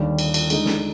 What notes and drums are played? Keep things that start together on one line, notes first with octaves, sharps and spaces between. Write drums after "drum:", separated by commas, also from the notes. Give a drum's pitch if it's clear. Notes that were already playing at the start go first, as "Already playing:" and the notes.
Already playing: D#2 D3 G3
drum: cymbal
drum: cymbal
D3 G#3 D#4, drum: cymbal
drum: snare